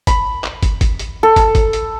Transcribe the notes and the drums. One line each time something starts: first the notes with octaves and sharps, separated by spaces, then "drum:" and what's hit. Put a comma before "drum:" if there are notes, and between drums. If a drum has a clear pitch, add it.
B5, drum: kick, hi-hat
drum: clap
drum: kick, hi-hat
drum: kick, hi-hat
drum: hi-hat
A4
drum: kick, hi-hat
drum: kick, hi-hat
drum: hi-hat